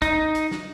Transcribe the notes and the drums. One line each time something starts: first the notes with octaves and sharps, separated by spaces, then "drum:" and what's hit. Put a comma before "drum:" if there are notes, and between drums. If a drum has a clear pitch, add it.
D#4, drum: kick, hi-hat
drum: hi-hat
drum: snare